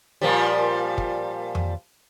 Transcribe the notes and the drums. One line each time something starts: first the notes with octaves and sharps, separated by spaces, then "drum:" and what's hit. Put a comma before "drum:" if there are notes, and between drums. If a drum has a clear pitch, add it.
A#2 F3 G3
drum: kick
drum: tom F2